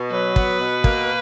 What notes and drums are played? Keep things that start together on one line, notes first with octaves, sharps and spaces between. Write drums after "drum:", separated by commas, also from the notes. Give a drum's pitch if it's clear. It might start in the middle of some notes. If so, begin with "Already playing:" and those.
Already playing: B2
F#3 B4
B3, drum: kick
B2
A#3, drum: kick